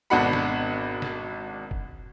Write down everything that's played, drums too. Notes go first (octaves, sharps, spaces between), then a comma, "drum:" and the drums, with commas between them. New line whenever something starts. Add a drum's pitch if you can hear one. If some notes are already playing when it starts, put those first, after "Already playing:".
G#1 B2 D4 F#4 F#5 B5
drum: snare
drum: snare
drum: kick